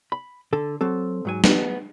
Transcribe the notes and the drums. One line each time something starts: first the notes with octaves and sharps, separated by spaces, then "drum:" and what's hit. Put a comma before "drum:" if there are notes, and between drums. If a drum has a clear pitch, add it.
B5
D3 A4
F#3 C4 A4
G#2 F#3 G#5
B3, drum: snare